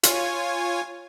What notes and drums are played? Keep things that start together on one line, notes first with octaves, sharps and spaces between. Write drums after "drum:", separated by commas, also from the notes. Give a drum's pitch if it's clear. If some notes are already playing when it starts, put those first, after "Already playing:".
F4 C#5 G#5, drum: hi-hat